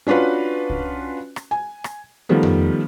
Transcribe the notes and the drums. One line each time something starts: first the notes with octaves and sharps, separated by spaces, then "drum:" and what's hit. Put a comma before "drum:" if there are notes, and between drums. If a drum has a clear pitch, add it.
C#4 D4 F4 F#4 B4
drum: kick C2
drum: rim click
G#5
drum: rim click
D#3 F3 G3 A3 B3
drum: tom F2